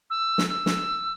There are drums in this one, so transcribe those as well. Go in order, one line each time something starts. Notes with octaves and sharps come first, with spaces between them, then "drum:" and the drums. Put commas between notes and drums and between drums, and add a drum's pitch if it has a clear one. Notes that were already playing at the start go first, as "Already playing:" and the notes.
E6
drum: snare
E6
drum: snare